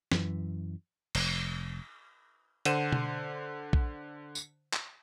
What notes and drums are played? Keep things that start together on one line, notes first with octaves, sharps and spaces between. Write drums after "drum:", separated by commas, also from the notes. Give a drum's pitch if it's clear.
F#2 E3, drum: snare
F1, drum: cymbal
D3 C5 F#5 D#7 E7, drum: hi-hat
drum: tom B2
drum: kick A#1
drum: tambourine
drum: clap